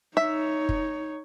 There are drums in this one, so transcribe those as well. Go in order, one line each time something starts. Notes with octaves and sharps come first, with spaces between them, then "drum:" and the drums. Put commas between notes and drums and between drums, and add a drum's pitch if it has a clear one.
D#4 C#5 E5
drum: kick